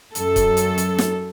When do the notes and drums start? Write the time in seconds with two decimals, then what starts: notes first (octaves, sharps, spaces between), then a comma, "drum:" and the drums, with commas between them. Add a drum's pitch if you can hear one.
0.15 F#2 A4, drum: hi-hat
0.36 drum: kick C#1, hi-hat
0.57 drum: hi-hat
0.78 drum: hi-hat
0.99 drum: snare